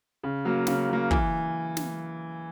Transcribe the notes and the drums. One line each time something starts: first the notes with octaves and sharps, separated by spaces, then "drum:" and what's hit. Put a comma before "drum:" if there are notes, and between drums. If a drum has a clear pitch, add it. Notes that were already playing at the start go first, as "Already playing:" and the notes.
C#3
F#3 A#3
C#3, drum: snare
F#3 A#3
E3, drum: kick
drum: snare